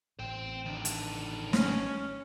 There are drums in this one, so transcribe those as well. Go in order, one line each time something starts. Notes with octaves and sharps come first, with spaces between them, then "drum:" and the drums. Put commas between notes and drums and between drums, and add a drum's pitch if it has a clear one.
A1 C5 G5
D#3 D4
drum: hi-hat
C#4, drum: snare